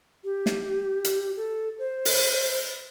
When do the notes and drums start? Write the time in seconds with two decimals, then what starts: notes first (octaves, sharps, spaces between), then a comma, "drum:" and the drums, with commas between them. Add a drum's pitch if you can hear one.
0.24 G4
0.46 drum: snare
1.04 drum: hi-hat
1.36 A4
1.79 C5
2.05 drum: open hi-hat